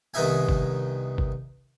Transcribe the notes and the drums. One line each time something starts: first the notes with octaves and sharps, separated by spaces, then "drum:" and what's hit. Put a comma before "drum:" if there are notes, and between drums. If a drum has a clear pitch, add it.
C2 D#3 B3 D#4 E5 G#5
drum: kick G1
drum: kick G1